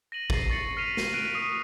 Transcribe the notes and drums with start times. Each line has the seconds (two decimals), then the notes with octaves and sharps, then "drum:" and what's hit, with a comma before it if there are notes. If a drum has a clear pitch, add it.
0.12 A#6 D#7 F#7
0.30 A6 C7, drum: kick
0.50 C#6 A6 C#7 F#7
0.77 F6 B6 C7 D#7 F7
0.97 drum: snare
1.14 F#6 D7 D#7
1.34 C#6 D#6 C7